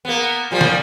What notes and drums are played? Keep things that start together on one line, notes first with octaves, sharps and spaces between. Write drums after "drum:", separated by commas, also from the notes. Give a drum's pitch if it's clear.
A#3 B3
A#2 F3 G3
drum: snare